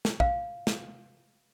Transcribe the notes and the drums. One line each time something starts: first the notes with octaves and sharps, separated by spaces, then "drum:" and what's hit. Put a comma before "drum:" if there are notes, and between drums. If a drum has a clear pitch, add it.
drum: snare
F5, drum: kick
drum: snare